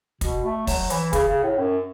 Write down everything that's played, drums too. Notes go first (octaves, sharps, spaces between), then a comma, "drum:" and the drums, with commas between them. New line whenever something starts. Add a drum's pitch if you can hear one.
B2, drum: kick, hi-hat
A3
F#3, drum: kick, open hi-hat
E3, drum: hi-hat
C#3, drum: kick, hi-hat
C#3
A2
F#2